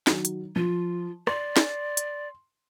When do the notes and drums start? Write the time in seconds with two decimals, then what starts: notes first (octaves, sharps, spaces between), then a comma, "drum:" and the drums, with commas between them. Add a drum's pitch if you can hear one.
0.07 D#3 F#3, drum: snare
0.25 drum: hi-hat
0.56 F3 F4
1.27 D5 C6, drum: rim click
1.57 drum: snare
1.97 drum: hi-hat